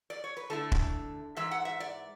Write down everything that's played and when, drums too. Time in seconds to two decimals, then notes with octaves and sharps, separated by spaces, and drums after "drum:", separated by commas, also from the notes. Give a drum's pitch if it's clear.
0.10 D5
0.24 C#5
0.37 B4
0.50 D3 A3 E4 A4
0.72 drum: kick
1.37 G#2 E3 E5
1.51 F#5
1.65 E5
1.80 D5